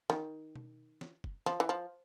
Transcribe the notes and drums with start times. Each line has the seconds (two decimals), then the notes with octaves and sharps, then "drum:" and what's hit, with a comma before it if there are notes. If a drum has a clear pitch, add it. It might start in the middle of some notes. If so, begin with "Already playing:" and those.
0.10 D#3, drum: snare
0.56 drum: tom B2
1.01 drum: snare
1.24 drum: kick
1.46 F3, drum: snare
1.60 E3
1.69 F3